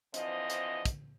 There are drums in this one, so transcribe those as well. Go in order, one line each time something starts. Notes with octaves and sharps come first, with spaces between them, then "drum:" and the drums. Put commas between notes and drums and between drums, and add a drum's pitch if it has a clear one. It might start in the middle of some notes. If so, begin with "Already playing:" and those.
D3 E3 F3 C4 D#5, drum: hi-hat
drum: hi-hat
drum: kick, hi-hat